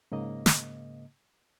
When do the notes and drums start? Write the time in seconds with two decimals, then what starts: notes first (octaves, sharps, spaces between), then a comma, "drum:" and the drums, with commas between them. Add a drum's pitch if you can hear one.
0.12 G#2 C#3 A#3 D#5
0.46 drum: snare